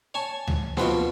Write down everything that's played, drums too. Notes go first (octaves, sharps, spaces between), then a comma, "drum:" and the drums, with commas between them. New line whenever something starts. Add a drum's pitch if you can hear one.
C#5 G#5 A5
drum: tom D2
B2 F3 B3 C4, drum: snare A#3